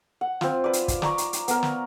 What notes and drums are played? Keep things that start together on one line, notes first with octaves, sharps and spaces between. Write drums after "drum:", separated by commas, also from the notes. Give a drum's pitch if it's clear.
F#5
C4 F4, drum: snare
B4 D5
drum: hi-hat
drum: kick, hi-hat
D5 A#5 C#6, drum: snare
drum: hi-hat
drum: hi-hat
B3 A#4, drum: hi-hat
drum: snare